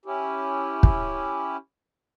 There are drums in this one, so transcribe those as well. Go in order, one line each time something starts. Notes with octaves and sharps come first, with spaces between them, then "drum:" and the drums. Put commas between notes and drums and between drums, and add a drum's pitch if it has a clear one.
C#4 E4 G4
drum: kick